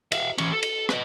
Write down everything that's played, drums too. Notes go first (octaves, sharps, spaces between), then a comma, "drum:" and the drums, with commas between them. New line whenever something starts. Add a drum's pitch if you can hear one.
E5 F5, drum: cymbal
E3 C#4, drum: cymbal
A4
drum: cymbal
B4 D#5, drum: rim click